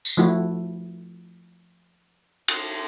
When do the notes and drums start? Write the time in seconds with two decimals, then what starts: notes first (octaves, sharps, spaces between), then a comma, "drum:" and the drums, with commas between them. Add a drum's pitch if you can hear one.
0.05 drum: tambourine
0.17 F3 A3 E4 F#4
2.48 drum: cymbal